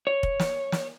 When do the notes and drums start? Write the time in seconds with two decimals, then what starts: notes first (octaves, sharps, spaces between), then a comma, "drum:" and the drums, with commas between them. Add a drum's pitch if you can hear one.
0.07 C#5
0.23 drum: kick
0.40 drum: snare
0.72 drum: snare